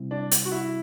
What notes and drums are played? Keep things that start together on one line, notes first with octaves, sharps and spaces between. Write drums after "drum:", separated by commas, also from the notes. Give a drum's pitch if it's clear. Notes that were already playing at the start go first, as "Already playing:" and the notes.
Already playing: C3 G3 C4 E4
D4
drum: hi-hat
F#4
E4